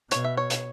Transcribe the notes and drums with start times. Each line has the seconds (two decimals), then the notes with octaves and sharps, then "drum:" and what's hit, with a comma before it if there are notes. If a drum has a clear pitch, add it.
0.11 B2 C#5, drum: hi-hat
0.24 E5
0.37 C#5
0.50 drum: hi-hat